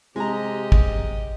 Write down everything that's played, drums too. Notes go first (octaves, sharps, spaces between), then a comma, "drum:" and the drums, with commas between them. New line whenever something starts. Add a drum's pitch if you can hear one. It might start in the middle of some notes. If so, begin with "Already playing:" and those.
C3 G#3 G4 D#5 A#5
drum: kick